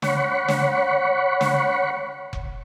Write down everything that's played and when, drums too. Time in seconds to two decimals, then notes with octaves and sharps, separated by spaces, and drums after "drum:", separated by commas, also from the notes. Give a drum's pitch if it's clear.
0.02 C#5 F#5 B5 C#6, drum: snare
0.48 drum: snare
1.41 drum: snare
2.33 drum: kick F1